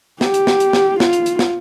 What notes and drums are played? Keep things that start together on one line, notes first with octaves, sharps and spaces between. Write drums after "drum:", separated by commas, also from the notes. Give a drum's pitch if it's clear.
G4, drum: snare
drum: hi-hat
drum: snare
drum: hi-hat
drum: snare
F4, drum: snare
drum: hi-hat
drum: hi-hat
drum: snare